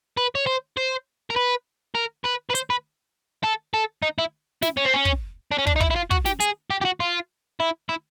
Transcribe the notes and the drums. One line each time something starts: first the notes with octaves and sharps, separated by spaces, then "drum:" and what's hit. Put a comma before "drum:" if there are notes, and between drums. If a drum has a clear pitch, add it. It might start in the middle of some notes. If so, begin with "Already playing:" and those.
B4
C#5
C5
C5
A#4
B4
A#4
B4
B4
C5, drum: hi-hat
B4
A4
A4
D#4
E4
E4, drum: snare
C#4
C4
C#4
drum: kick
D4
C#4
D4, drum: kick
D#4
E4, drum: kick
E4
F4
F#4, drum: kick
G4, drum: snare
G#4, drum: hi-hat
G4
G4
F#4
F4
E4
E4